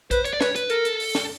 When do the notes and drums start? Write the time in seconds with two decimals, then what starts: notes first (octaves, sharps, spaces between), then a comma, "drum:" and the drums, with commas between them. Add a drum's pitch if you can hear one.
0.11 B4 C5, drum: kick, hi-hat
0.25 C#5, drum: hi-hat
0.33 D5
0.41 B4 C#5, drum: snare
0.56 B4, drum: hi-hat
0.70 A4 A#4, drum: hi-hat
0.85 drum: hi-hat
1.00 drum: open hi-hat
1.15 drum: snare